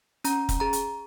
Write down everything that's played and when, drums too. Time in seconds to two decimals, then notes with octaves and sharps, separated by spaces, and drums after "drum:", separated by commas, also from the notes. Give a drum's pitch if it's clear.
0.24 C#4 A#5, drum: hi-hat
0.49 drum: kick, hi-hat
0.60 G#4 A#5
0.73 drum: hi-hat